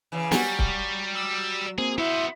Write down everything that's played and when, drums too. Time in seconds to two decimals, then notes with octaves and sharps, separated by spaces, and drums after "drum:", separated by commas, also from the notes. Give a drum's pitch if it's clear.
0.12 C#3 E3
0.32 F#3 G3 F#4 G4 G#5, drum: snare
0.59 drum: kick C#1
1.15 E6
1.78 A#3 C4 G#4
1.98 B3 E4 C5 E5